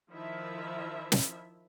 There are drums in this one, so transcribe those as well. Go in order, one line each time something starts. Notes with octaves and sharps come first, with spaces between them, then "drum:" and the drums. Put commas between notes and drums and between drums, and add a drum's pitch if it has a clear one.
D#3 F3 E4 E5
drum: snare